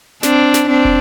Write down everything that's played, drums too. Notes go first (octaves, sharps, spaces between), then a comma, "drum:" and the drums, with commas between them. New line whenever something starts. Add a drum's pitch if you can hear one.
C4 D4, drum: snare
drum: snare
C4 D4
drum: kick